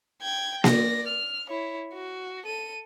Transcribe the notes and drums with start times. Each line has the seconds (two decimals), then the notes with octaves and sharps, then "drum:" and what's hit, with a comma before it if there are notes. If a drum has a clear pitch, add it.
0.21 G5 G#6
0.64 D5 A#6, drum: snare A#3
1.07 F6
1.49 E4 C#5
1.93 F#4
2.46 A4 D#7